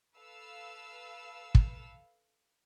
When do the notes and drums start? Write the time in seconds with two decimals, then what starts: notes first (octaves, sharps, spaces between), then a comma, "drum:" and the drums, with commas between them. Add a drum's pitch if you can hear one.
0.16 A4 B4 F5 E6
1.55 drum: kick